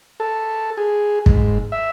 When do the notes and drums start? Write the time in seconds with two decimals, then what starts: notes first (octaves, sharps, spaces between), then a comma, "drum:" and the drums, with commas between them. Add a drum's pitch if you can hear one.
0.20 A4
0.77 G#4
1.26 G#2, drum: kick
1.72 E5